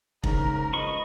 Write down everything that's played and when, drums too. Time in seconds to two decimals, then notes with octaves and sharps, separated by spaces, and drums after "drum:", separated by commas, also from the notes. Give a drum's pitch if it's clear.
0.24 F2 G#2 C#3 A#4, drum: kick
0.73 C#2 C5 D#5 B5 C#6